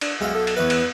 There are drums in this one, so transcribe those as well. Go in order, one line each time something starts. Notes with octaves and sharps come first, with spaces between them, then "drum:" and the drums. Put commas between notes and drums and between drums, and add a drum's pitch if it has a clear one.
D4, drum: cymbal
B1 G#3 E5 F5
A4
drum: cymbal
E2 B4 C#5 E5
drum: cymbal